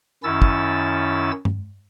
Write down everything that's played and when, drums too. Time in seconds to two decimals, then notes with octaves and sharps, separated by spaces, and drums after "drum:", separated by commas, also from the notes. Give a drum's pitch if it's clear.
0.23 F#2 D#3 C#4 E4 E6 A6
0.42 drum: kick
1.45 drum: tom G2